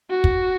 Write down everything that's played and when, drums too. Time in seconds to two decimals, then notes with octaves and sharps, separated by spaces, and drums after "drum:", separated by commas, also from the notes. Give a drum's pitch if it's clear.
0.11 F#4
0.24 drum: kick